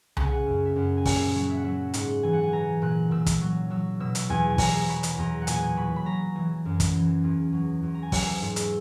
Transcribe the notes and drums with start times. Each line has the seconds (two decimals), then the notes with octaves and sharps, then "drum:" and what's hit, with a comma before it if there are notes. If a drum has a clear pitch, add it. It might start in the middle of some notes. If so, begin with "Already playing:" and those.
0.17 C#3 F#5, drum: tom C2
0.25 G#5
0.32 F#5
0.46 F#2 E5
0.66 E5
0.76 F#2 F#5
0.97 G#5
1.06 A#2 F#5, drum: kick, open hi-hat
1.35 F#3
1.49 E5
1.57 F#5
1.64 F#3 E5
1.94 G#2 F#5, drum: hi-hat
2.23 E3 G#5
2.33 F#5
2.43 G#5
2.52 E3 A#5
2.82 A#2 F#6
3.11 A#2 E6
3.26 drum: kick, hi-hat
3.41 F#3
3.70 F#3 E6
4.00 B2 E6
4.15 drum: hi-hat
4.30 E2 G#5
4.50 G#5
4.58 E2 A#5, drum: kick, open hi-hat
4.89 F#3 B5
5.03 drum: hi-hat
5.17 E2 A#5
5.42 F#5
5.47 A#2 G#5, drum: hi-hat
5.77 F#3 B5
5.96 B5
6.06 F#3 A#5
6.35 E3
6.65 F#2
6.80 drum: kick, hi-hat
6.95 E3
7.24 E2
7.53 F#3
7.83 E2
7.94 A#5
8.03 G#5
8.12 F#3 F#5, drum: kick, open hi-hat
8.42 G#2
8.56 E6, drum: hi-hat